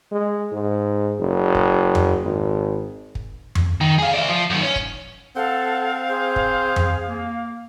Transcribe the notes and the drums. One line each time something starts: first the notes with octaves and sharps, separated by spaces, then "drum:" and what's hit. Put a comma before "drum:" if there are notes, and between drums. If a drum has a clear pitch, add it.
G#3
G#2
F#1
drum: kick
drum: tom F2
G#1
drum: kick
drum: tom F2
D#3
G#4 F5
D5 E5
F3
F#2 D#3
C#4
drum: kick
C4 A4 F5 F#5
G#4 C5
drum: kick
drum: tom F2
A#3